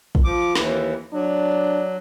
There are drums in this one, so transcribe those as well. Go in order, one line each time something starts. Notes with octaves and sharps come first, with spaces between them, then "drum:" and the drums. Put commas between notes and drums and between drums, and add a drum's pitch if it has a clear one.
drum: kick
F3 D6
D#2 E3, drum: snare
F#3 D4